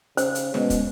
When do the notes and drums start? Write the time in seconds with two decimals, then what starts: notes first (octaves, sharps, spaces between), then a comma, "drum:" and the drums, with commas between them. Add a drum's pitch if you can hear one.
0.17 C#3 C5, drum: hi-hat
0.35 drum: hi-hat
0.54 B2 G#3 B3 C#4, drum: snare
0.70 drum: kick, hi-hat